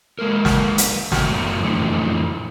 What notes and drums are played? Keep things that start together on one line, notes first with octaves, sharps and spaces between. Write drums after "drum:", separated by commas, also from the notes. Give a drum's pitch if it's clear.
G#3 A#3 A#4
drum: snare
drum: hi-hat
F#2 F#3 A3 B3 G5, drum: snare
F2 A2 D3 E3 A3